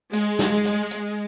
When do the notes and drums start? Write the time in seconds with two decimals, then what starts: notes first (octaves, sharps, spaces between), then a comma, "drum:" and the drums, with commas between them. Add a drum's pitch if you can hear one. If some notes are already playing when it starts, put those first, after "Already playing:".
0.13 G#3, drum: hi-hat
0.39 drum: snare
0.65 drum: hi-hat
0.91 drum: hi-hat